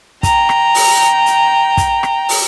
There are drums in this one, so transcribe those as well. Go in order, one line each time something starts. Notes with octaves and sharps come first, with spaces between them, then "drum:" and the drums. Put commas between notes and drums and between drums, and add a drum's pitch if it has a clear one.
G5 A#5, drum: kick, hi-hat
drum: rim click
drum: open hi-hat
drum: hi-hat
drum: kick, hi-hat
drum: rim click
drum: open hi-hat